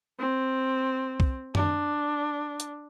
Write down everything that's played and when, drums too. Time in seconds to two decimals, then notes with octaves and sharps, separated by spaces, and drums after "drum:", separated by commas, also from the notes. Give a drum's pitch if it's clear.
0.19 C4
1.20 drum: kick B1
1.55 D4, drum: tom F#2
2.60 drum: hi-hat